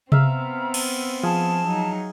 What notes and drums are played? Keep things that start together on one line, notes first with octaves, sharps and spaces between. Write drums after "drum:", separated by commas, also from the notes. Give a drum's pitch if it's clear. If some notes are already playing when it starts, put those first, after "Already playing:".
B3 C4 E5 F5 A#5, drum: tom C3
drum: cymbal
F3 G#4 A5
F#3 D#4